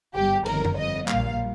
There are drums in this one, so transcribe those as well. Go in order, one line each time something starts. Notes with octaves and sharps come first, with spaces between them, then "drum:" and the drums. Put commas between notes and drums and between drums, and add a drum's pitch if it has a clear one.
G1 G2 G3 G4
G1 F2 D#3 A#4, drum: cymbal
drum: tom F#2
F2 F3 D#5
A#1 A#2 G3 F5, drum: clap